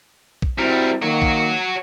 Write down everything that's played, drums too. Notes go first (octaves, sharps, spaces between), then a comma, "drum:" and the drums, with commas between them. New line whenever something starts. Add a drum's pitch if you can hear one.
drum: kick A#1
G3 C4 E4 F#4 A#4
D#3 A#3 F#4 C#5
drum: kick A#1